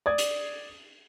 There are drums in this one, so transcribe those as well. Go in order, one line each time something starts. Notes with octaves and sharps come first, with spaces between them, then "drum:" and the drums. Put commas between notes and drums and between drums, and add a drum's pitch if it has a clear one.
D5 D#6 G#6
drum: hi-hat